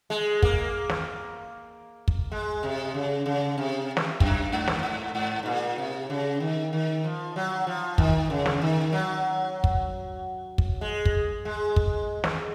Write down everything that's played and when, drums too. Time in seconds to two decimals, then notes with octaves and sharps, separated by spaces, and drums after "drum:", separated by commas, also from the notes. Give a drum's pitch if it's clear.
0.10 G#3
0.42 A#3, drum: kick
0.89 drum: snare
2.08 drum: kick
2.32 G#3
2.63 C3
2.94 C#3
3.26 C#3
3.58 C3
3.97 drum: snare
4.20 F#2, drum: kick
4.52 G#2
4.68 drum: snare
4.83 G#2
5.15 G#2
5.43 G#2
5.46 A#2
5.78 C3
6.10 C#3
6.40 D#3
6.73 D#3
7.04 F3
7.36 F#3
7.67 F3
7.98 D#3, drum: kick
8.30 C#3
8.46 drum: snare
8.62 D#3
8.93 F#3
9.64 drum: kick
10.58 drum: kick
10.81 G#3
11.06 drum: kick
11.45 G#3
11.76 drum: kick
12.24 drum: snare